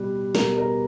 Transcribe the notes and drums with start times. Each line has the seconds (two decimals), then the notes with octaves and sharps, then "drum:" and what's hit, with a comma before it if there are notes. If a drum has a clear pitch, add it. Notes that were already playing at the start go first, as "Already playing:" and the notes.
Already playing: B2 G3 B4
0.35 B2 A#4, drum: snare
0.58 A#4